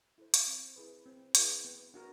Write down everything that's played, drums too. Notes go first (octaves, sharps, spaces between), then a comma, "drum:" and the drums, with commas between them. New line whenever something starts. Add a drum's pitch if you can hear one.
E4 A4 C5
drum: hi-hat
C4
E4 G#4 B4
C4
E4 G#4 B4, drum: hi-hat
B3
D4 F#4 A#4